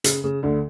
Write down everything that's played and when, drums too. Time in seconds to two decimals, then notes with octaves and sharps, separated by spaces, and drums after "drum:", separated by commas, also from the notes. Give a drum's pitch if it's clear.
0.04 C#3, drum: hi-hat
0.24 C#3
0.43 D2 D3